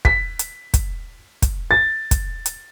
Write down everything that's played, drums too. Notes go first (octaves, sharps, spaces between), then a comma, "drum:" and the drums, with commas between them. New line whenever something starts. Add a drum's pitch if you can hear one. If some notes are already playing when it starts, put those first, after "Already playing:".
B6, drum: kick
drum: hi-hat
drum: kick, hi-hat
drum: kick, hi-hat
A6
drum: kick, hi-hat
drum: hi-hat